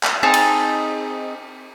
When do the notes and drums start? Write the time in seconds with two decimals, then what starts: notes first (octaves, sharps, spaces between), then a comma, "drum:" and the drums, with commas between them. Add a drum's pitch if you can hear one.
0.03 drum: clap
0.23 C4 D#4 G#4 A5
0.34 drum: cymbal